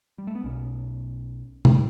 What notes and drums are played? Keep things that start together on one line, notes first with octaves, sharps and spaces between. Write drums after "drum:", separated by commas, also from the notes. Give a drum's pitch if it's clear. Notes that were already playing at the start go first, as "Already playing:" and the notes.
G3
A3
B3
B1 B2 C#4
D3 B3, drum: tom
G3